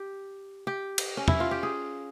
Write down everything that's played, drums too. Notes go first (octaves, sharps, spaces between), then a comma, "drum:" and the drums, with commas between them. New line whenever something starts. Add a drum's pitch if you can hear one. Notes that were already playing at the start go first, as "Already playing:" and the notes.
Already playing: G4
G4
drum: cymbal
C#4
E4, drum: tom
F4
G4
G#4